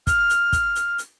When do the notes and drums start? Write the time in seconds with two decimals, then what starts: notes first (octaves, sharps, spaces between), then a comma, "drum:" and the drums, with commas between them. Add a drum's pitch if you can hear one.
0.07 F6, drum: kick, hi-hat
0.30 drum: hi-hat
0.53 drum: kick, hi-hat
0.75 drum: hi-hat
0.98 drum: hi-hat